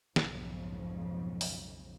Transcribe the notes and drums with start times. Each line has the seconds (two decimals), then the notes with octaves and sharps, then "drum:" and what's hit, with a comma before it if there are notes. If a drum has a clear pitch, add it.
0.16 B1 F2 G#2 C#3 F3, drum: snare
1.41 drum: open hi-hat